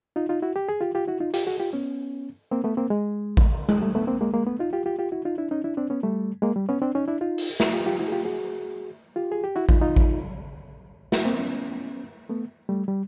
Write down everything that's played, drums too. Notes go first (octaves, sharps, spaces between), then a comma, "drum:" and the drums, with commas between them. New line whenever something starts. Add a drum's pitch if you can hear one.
D#4 F4
D#4 F4
E4 F#4
G4
G#4
F4 G4
F4 G4
E4 F#4
D#4 F4
F4 G4, drum: hi-hat
F#4 G#4
F4 G4
B3 C#4
A#3 C4
A3 B3
A#3 C4
G#3
drum: kick A1
G#3, drum: tom G#3
G3 A3
A3 B3
A#3 C4
G#3 A#3
G#3 A#3
A3 B3
D#4 F4
F4 G4
F4 G4
F4 G4
E4 F#4
D#4 F4
D4 E4
C#4 D#4
D4 E4
C4 D4
B3 C#4
G3 A3
G#3 A#3
G3
B3 C#4
C4 D4
C#4 D#4
D4 E4
D#4 F4
drum: open hi-hat
E4 F#4, drum: snare
F4 G4
F4 G4
E4 F#4
G#4
F4 G4
F#4 G#4
F4 G4
G#4
G4
E4 F#4
D#4 F4, drum: kick A1
D#4 F4
drum: kick A1
E4 F#4, drum: snare
A#3 C4
B3 C#4
A3 B3
G3 A3
G3